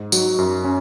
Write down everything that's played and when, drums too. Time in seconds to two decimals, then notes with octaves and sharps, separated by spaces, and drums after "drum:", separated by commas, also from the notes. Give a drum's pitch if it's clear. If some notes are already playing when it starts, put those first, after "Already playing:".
Already playing: G#2
0.12 F#3 D#4 F#4, drum: tambourine
0.39 F#2
0.65 C#4